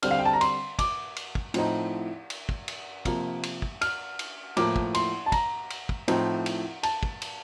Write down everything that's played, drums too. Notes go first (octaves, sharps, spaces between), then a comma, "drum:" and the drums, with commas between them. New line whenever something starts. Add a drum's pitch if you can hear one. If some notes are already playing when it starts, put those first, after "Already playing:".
D3 G3 C4 F6, drum: cymbal
F5
G5
A5
A#5
C6, drum: cymbal
D6, drum: kick, cymbal
drum: cymbal
drum: kick
A2 F3 C4 D#4, drum: cymbal
drum: cymbal
drum: kick
drum: cymbal
C3 F3 A#3, drum: kick, cymbal
drum: cymbal
drum: kick
F6, drum: cymbal
drum: cymbal
A2 F3 A#3 D6, drum: cymbal
drum: kick
C6, drum: cymbal
A5
A#5, drum: kick, cymbal
drum: cymbal
drum: kick
A2 F3 C4 D#4, drum: cymbal
drum: cymbal
A5, drum: cymbal
drum: kick
drum: cymbal